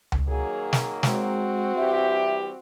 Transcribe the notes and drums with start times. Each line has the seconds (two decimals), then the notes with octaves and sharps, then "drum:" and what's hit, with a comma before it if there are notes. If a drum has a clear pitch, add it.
0.12 drum: tom C#2
0.29 D#3 F#3 A#3 G#4
0.73 drum: snare
1.03 G#3 C4 F#4, drum: snare
1.76 E3 G3 G4 E5